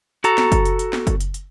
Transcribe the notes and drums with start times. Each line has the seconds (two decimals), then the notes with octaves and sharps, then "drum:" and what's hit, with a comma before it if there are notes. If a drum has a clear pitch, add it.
0.24 F#4 A4 A#5, drum: hi-hat
0.38 drum: snare
0.52 drum: kick F#1, hi-hat
0.65 drum: hi-hat
0.79 drum: hi-hat
0.93 drum: snare
1.07 drum: kick F#1, hi-hat
1.20 drum: hi-hat
1.34 drum: hi-hat